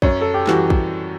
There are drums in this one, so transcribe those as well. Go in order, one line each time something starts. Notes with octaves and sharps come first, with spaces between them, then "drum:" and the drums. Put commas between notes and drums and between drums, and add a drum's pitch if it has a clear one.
F#2 C#5, drum: kick
A4
G4
E3 G3 F#4, drum: clap
drum: kick